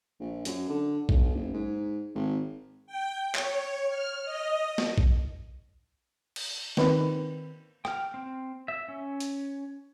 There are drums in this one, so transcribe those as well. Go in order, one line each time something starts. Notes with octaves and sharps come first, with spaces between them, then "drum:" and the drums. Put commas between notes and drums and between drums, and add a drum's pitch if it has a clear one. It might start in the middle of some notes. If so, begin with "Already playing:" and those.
A#1
F#2, drum: hi-hat
D3
B1, drum: kick A#1
F#1
G#2
G#1
G5
C#5, drum: clap
F6
D#5
drum: snare
drum: kick A#1
drum: cymbal
D#3 C4 B4, drum: snare
G5 F6, drum: rim click
C4
E5
C#4
drum: hi-hat